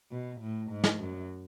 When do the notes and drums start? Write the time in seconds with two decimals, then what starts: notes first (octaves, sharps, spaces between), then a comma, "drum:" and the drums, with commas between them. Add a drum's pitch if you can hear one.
0.11 B2
0.41 A2
0.71 G#2
0.84 drum: snare
1.00 F#2